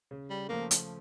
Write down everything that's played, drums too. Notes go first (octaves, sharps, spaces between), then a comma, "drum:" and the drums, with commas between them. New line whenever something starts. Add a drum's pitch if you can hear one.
C#3
G3
F3 A3 A#3
drum: hi-hat